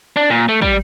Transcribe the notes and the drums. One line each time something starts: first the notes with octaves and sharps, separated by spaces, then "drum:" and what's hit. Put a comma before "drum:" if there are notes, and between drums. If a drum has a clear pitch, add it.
D4
A#2
A3
G3, drum: kick